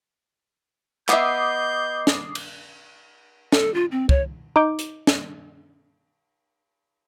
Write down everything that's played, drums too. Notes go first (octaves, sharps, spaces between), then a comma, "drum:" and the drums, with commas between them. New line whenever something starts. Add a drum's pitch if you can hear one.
B3 D#5 E5 D6 D#6 G6 C7, drum: clap
drum: snare
drum: cymbal
A4, drum: snare
F4
C4
C#5, drum: kick C2
D#4 D6 G6
drum: hi-hat
drum: snare